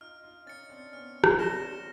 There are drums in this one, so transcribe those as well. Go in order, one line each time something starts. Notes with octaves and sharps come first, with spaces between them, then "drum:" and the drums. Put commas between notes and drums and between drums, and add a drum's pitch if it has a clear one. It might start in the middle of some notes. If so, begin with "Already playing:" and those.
D#4 F4 F6
D#4 F4
C#4 D#4 A6 C#7
C4 D4
B3 C#4 F6
drum: rim click
D4 A#6 C#7 E7 G7
C#4
C4 D4